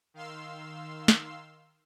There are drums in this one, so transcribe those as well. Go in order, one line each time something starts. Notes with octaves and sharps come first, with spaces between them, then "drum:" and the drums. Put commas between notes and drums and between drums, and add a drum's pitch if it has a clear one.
D#3 F5 C6 E6
drum: snare